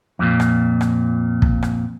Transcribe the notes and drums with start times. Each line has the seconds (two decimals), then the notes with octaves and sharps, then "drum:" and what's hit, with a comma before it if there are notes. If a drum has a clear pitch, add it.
0.19 F2 A#2
0.40 drum: rim click
0.81 drum: rim click
1.42 drum: kick
1.62 drum: rim click